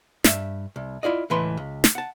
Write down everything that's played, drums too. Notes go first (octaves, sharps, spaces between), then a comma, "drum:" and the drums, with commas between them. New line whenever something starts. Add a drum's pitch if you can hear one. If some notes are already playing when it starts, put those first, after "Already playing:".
G2 E5, drum: snare
C2
E4 F4 D5 D#5
C#2 A2 E3 B4 C6
C#2
drum: snare
F#5 A5